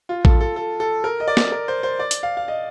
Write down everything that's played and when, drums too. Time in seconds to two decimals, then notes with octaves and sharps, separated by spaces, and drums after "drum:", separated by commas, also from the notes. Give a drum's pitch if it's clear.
0.09 F4
0.25 A4, drum: kick A1
0.41 A4
0.56 A4
0.80 A4
1.04 A#4
1.20 D#5
1.28 D5
1.37 drum: snare
1.52 A#4
1.68 C5
1.83 C5
1.99 D5
2.11 drum: hi-hat
2.23 F5
2.37 F5
2.48 D#5